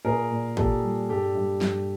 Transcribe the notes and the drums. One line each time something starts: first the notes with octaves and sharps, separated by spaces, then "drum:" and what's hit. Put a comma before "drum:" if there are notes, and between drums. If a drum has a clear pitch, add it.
A#2 G#4 A#4
A#2
A#2 G4 A4, drum: kick
G3
G2 G4 A4
G2
G2, drum: snare